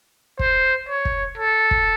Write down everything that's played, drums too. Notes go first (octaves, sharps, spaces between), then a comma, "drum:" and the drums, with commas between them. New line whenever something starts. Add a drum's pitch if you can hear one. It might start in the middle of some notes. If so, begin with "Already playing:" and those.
C5, drum: kick
C#5
drum: kick
A4
drum: kick